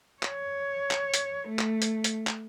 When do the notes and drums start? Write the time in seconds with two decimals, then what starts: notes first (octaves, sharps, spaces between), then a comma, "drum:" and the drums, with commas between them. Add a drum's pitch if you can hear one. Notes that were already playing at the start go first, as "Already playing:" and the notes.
0.23 C#5, drum: clap
0.91 drum: clap
1.14 drum: hi-hat
1.49 A3
1.59 drum: clap
1.82 drum: hi-hat
2.04 drum: hi-hat
2.27 drum: clap